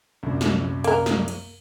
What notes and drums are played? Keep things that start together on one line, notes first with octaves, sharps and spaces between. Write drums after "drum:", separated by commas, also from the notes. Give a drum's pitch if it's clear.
C2 F#2 A#2
drum: snare
A#3 A#4, drum: cymbal
drum: snare
drum: cymbal